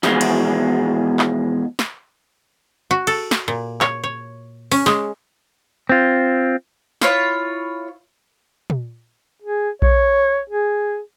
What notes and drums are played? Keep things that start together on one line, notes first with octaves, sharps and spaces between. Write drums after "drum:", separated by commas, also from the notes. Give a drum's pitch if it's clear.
E2 B2 F3 G#3, drum: snare
drum: cymbal
drum: clap
drum: snare
F#4
A4, drum: cymbal
drum: snare
A#2
C#5, drum: clap
C#5
C#4, drum: open hi-hat
G#3, drum: snare
C4 F4
E4 F4 C#5, drum: snare
drum: tom
G#4
C#5, drum: kick A#1
G#4